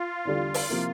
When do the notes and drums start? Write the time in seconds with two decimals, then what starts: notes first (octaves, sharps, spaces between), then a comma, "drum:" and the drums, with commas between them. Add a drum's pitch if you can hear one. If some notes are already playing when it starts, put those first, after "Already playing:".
Already playing: F4
0.25 E2 D3 G3 D4
0.54 drum: open hi-hat
0.69 C3 F3 A#3 E4